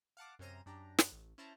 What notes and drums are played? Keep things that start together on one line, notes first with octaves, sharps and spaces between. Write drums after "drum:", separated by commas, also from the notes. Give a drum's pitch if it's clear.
F5 F#5 A5 D6
F#2 C3 C#4 C5 A#5 D#7
F#2 D4 G4 A#5
drum: snare
A1
C#4 E4 C5 A5 A#5